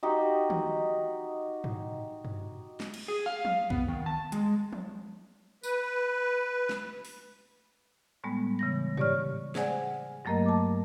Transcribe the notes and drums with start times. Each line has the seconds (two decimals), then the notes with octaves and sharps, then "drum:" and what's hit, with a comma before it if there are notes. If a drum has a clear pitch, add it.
0.03 D#4 F#4 G4
0.50 drum: tom D#3
1.64 drum: tom G#2
2.25 drum: tom G2
2.80 drum: snare
2.94 drum: cymbal
3.08 G#4
3.26 F5
3.45 drum: tom F3
3.70 B3, drum: kick
3.88 D#3
4.06 A5
4.32 G#3, drum: hi-hat
4.73 drum: tom F3
5.63 B4, drum: tambourine
6.69 drum: snare
7.05 drum: open hi-hat
8.24 A2 G3 G#3 B3
8.59 C#3 E3 A#6
8.97 G4 C#5 D5 C#6 F6, drum: tom G#2
9.55 G#4 C5 D5 F#5 G#5, drum: snare
10.25 G2 F#3 A3 A#3 A#4 D#5
10.46 A5 D6